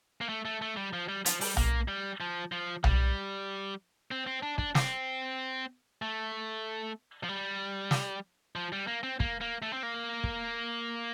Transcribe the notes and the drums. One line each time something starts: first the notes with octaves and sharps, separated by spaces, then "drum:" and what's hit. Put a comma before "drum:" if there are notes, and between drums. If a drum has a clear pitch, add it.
A#3
A3
A3
A3
G3
F3
G3
F3, drum: hi-hat
G3, drum: open hi-hat
A#3, drum: tom B1
G3
F3
F3
G3, drum: tom B1
C4
C4
D4
D4, drum: kick
C4, drum: snare
A3
F3
G3
drum: snare
F3
G3
A#3
C4
A#3, drum: kick
A#3
A3
C4
A#3
drum: kick